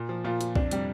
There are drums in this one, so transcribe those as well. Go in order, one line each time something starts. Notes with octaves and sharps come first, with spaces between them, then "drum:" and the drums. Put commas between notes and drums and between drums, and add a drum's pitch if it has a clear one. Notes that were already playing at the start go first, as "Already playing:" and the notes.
Already playing: A#2
F3
A#2 F4
F3, drum: hi-hat
F2 D4, drum: kick B1
C3 G3, drum: hi-hat